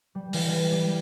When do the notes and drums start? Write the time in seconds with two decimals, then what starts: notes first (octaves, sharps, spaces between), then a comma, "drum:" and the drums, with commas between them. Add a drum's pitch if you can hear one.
0.15 G3
0.33 E3, drum: open hi-hat
0.52 G4
0.72 G3